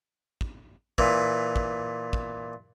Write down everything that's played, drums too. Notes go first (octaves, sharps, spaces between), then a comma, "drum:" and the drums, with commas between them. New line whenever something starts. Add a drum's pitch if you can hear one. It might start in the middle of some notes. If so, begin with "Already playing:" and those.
drum: kick
A#2 E3, drum: kick
drum: kick
drum: kick